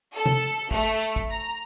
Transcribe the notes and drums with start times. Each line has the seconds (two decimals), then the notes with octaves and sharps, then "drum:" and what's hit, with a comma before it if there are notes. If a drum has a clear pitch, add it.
0.15 A4
0.26 drum: tom
0.71 A3, drum: kick
1.16 drum: kick
1.31 A#5